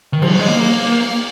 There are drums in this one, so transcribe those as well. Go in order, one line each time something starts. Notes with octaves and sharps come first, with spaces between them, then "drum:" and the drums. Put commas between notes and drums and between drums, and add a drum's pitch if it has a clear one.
D#3
F3, drum: cymbal
F#3
G#3
A#3